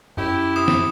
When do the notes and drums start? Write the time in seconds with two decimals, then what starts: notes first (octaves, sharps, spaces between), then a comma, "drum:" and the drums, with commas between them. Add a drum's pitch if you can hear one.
0.17 F#2 E4 G4
0.56 C3 D#6 E7
0.68 drum: snare